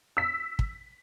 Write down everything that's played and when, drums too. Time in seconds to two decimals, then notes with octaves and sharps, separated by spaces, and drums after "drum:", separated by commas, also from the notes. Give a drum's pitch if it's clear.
0.17 E6 B6
0.59 drum: kick